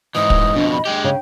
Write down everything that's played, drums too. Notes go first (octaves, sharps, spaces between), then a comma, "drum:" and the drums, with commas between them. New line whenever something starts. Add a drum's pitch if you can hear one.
G#2 E3 D#5 D#6
drum: kick
F2 B2 D4
B5
G#3 G4 G5
C#3 G5